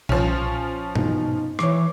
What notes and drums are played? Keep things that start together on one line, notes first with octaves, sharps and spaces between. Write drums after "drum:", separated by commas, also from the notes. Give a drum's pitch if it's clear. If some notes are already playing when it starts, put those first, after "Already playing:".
B1 F3 C#4, drum: tom A#2
B2 D#4, drum: tom G2
E3 C#5 D6, drum: rim click